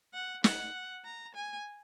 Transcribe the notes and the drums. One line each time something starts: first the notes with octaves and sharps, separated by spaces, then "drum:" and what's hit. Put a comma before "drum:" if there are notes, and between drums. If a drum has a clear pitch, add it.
F#5
F#5, drum: snare
A#5
G#5